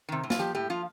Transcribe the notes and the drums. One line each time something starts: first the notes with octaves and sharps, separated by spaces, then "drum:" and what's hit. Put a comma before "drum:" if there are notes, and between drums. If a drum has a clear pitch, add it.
C3 D#3
A2
F4, drum: snare
F3 G4
A2 G4
F3 F4